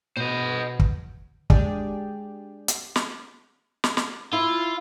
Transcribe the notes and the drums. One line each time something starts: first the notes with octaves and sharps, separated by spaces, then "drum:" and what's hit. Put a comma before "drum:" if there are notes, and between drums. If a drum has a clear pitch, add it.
B2 C5 D#5
drum: kick
G#3 D4 G4 G#4 D5 G5, drum: kick
drum: hi-hat
drum: snare
drum: snare
drum: snare
E4 F4 B5 E6